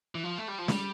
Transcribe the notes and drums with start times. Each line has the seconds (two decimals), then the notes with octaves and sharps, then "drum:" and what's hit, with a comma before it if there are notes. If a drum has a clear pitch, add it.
0.15 E3
0.23 F3
0.38 A3
0.48 G3
0.59 F3
0.68 G3, drum: snare